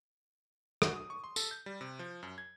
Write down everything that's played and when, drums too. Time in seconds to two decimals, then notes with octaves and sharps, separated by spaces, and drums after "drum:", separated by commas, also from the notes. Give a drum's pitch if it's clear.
0.82 F#4, drum: rim click
0.95 D#6
1.10 C#6
1.24 C6
1.36 A4, drum: tambourine
1.51 G6
1.66 G3
1.81 C3
1.99 F3
2.23 F#2
2.38 G#6